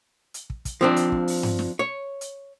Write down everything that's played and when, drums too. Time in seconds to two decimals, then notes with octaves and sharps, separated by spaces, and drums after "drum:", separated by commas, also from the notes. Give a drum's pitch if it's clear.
0.34 drum: hi-hat
0.50 drum: kick
0.65 drum: kick, hi-hat
0.81 F3 C4 D4
0.96 drum: hi-hat
1.12 drum: kick
1.28 drum: open hi-hat
1.43 drum: tom G2
1.59 drum: snare
1.79 C#5
2.21 drum: hi-hat